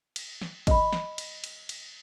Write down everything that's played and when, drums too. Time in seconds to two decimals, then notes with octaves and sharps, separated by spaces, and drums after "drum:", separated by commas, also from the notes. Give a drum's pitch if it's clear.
0.16 drum: cymbal
0.42 drum: snare
0.67 D#5 B5, drum: kick, cymbal
0.93 drum: snare
1.18 drum: cymbal
1.44 drum: cymbal
1.69 drum: cymbal